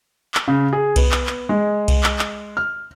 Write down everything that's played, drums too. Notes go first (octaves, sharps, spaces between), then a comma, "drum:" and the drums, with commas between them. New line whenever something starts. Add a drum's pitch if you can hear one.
drum: clap
C#3
G#4
B3, drum: kick C2, cymbal
drum: clap
drum: clap
G#3
drum: kick C2, cymbal
drum: clap
drum: clap
F6